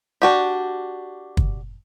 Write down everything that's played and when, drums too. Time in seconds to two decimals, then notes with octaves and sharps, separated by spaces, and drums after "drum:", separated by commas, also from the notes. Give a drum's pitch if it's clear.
0.22 D4 F#4 G4
1.37 drum: kick